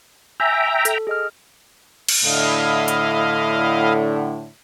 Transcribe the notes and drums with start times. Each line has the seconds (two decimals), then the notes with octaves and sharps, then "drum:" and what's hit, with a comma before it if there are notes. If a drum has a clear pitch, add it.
0.40 E5 G5 G#5 A#5 E6
0.85 A4, drum: hi-hat
1.07 G#4 D#5 F6
2.09 drum: cymbal
2.24 A2 D3 E4 D#5 F5
2.88 drum: hi-hat